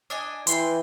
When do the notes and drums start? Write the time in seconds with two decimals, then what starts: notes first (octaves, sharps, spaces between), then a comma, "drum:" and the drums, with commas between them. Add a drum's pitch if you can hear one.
0.10 D4 D#5 G#5
0.47 E3 G5 C6, drum: hi-hat